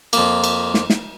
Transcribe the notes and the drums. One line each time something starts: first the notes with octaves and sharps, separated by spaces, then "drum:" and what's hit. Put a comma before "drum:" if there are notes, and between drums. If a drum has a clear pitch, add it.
F2 A#3, drum: cymbal
drum: cymbal
drum: snare
drum: snare